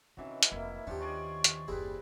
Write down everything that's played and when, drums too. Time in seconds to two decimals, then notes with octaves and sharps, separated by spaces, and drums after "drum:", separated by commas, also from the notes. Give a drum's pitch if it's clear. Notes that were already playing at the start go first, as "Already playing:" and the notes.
0.17 C3 D#3 E3 F#3 C#4
0.43 drum: hi-hat
0.52 F1 A#3 E4
0.87 D#2 D#3 F3 G3 C#4 D4 G4
1.00 G#4 D5 D#5 C#6
1.44 drum: hi-hat
1.68 F#1 D#2 G3 C4 E4 G#4 B4